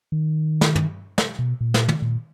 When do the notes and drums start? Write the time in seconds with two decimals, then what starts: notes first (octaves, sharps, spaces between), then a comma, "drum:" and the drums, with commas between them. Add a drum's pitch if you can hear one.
0.12 D#3
0.61 drum: snare
0.75 drum: tom
1.18 drum: snare
1.39 B2
1.61 A#2
1.74 drum: snare
1.88 drum: tom
2.02 A#2